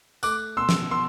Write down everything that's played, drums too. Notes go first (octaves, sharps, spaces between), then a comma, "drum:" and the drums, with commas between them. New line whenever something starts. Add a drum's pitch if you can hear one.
A3 D6 F#6, drum: tambourine
B2 C6 E6
drum: snare
B2 C6 E6